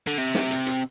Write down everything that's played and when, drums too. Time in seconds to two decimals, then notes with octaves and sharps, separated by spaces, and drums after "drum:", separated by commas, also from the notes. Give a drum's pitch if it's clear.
0.07 D3
0.18 C3
0.35 drum: snare
0.51 drum: hi-hat
0.67 drum: hi-hat